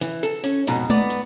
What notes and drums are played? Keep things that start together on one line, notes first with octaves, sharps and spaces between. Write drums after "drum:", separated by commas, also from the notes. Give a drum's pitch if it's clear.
E3, drum: hi-hat
A4, drum: hi-hat
C#4, drum: hi-hat
F2 G#2 B2 D#4, drum: hi-hat
B3 D5, drum: tom G#3
drum: hi-hat